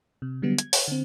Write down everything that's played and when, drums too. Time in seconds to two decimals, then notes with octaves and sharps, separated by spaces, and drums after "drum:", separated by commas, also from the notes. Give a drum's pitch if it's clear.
0.22 C3
0.42 D3 F#3 G3 B3
0.58 G#6, drum: hi-hat
0.73 C#5 F#5, drum: open hi-hat
0.88 D3 C4